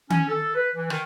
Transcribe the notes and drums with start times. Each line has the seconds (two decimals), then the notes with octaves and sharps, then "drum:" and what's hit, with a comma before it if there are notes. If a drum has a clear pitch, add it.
0.10 C#4, drum: tom D#3
0.29 A4
0.55 B4
0.76 E3
0.90 D#3, drum: rim click